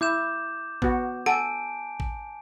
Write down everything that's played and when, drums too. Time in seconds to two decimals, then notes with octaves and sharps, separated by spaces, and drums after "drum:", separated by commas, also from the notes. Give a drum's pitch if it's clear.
0.01 E4 D6 G6 E7
0.82 B3 F#4, drum: kick A1
1.26 A4 F#5 G#5 A5 D7
2.00 drum: kick A1